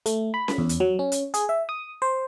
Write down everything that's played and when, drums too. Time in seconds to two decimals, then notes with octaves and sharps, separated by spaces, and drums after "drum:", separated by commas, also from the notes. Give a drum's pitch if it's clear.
0.06 A3, drum: hi-hat
0.34 B5
0.48 drum: snare C#4
0.58 E2
0.69 drum: hi-hat
0.80 F#3
0.99 C#4
1.12 drum: hi-hat
1.34 G#4, drum: hi-hat
1.49 E5
1.69 D#6
2.02 C5